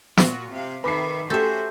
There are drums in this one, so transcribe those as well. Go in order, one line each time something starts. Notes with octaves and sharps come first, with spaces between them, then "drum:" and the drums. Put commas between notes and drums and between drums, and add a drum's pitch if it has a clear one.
A#2 F4 F#4, drum: snare
C3 F5
D#3 A4 B4 E5 B5 D6 B6 C7
A3 C#4 F#4 G4 A4 C5 E5 G6